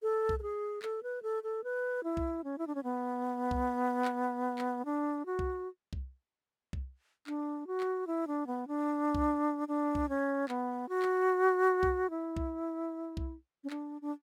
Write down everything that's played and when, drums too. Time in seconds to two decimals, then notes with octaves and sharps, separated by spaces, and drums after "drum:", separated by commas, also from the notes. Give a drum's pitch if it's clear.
0.02 A4
0.29 drum: kick C2
0.39 A4
0.42 G#4
0.82 A4, drum: clap
1.03 B4
1.23 A4
1.43 A4
1.64 B4
2.04 E4
2.17 drum: kick C2
2.44 C#4
2.58 E4
2.67 D4
2.75 C#4
2.84 B3
3.51 drum: kick C2
4.05 drum: clap
4.59 drum: clap
4.85 D4
5.26 F#4
5.39 drum: kick C2
5.93 drum: kick C2
6.73 drum: kick C2
7.27 D4, drum: clap
7.67 F#4
7.80 drum: clap
8.07 E4
8.27 D4
8.47 B3
8.68 D4
9.15 drum: kick C2
9.68 D4
9.95 drum: kick C2
10.09 C#4
10.48 B3, drum: clap
10.89 F#4
11.02 drum: clap
11.83 drum: kick C2
12.10 E4
12.37 drum: kick C2
13.17 drum: kick C2
13.64 C#4
13.70 D4, drum: clap
14.02 D4